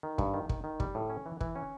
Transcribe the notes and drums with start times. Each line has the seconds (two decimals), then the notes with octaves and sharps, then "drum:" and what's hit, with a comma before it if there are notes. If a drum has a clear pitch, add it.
0.03 D#3
0.18 G2, drum: kick
0.34 D#3
0.49 D#3, drum: kick
0.64 D#3
0.80 G3, drum: kick
0.95 A2
1.10 C#4
1.26 E3
1.41 E3, drum: kick
1.55 C#4